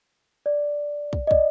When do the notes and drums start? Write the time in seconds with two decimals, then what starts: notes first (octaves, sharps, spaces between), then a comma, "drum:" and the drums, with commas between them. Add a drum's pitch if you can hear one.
0.46 D5
1.13 drum: kick
1.27 D#5
1.31 D5, drum: kick